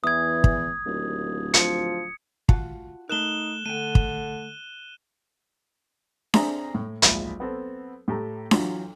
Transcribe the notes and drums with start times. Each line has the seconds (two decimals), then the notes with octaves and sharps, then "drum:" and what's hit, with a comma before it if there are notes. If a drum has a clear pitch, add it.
0.04 E2 E3 D#6 G#6
0.44 drum: kick
0.86 D1 D#2
1.54 F3 C#7, drum: hi-hat
2.49 F4 F#4 A5, drum: kick
3.09 A3 D#4 A#4 F#6 E7 G7
3.66 D3 A3 G5 D#7
3.95 drum: kick
6.34 C4 D4 G#4 E5 A#5, drum: snare D4
6.74 A2
7.02 D1 A#1 G#2 F4 E5 B5, drum: hi-hat
7.40 B3 C4 A4
8.08 A2 G4 A4 A5 A#5
8.51 E3 F#3 F4, drum: snare D4